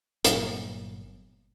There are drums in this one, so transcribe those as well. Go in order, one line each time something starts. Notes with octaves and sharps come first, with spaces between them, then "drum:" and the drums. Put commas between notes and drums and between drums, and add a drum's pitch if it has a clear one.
G1 A#2 F#3, drum: hi-hat